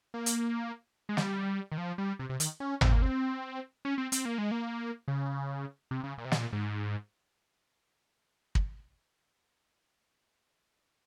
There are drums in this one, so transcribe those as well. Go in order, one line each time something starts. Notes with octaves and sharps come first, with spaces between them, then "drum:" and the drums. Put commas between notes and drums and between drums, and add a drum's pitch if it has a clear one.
A#3
drum: hi-hat
G#3
G3, drum: snare
D#3
F3
G3
C3
C3
D#3, drum: hi-hat
C#4
C4, drum: tom G#1
A#3
C4
C#4
C4
C4, drum: hi-hat
A#3
G#3
A#3
C#3
C3
C#3
A#2
C3
A#2, drum: snare
G#2
drum: kick